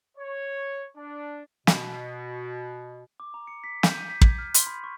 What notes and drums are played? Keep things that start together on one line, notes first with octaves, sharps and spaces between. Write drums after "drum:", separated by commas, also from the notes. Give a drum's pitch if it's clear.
C#5
D4
B2, drum: snare
D6
A#5
C#7
B6
G6, drum: snare
D#7
B6
G#6, drum: kick
F6
C6, drum: hi-hat
B5
C#6